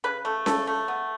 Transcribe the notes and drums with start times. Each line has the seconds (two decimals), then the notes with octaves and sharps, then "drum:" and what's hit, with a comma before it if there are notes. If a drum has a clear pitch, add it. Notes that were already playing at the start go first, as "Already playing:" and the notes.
0.04 C#3 B4
0.25 A3
0.46 C#3 A4, drum: snare C#4
0.67 A3
0.88 B3